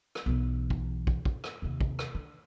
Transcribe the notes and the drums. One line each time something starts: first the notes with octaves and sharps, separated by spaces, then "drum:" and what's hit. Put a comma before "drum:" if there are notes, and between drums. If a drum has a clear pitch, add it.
drum: rim click
B1 E3
drum: kick
drum: kick
drum: kick
drum: rim click
D#2 C3
drum: kick
drum: rim click
D3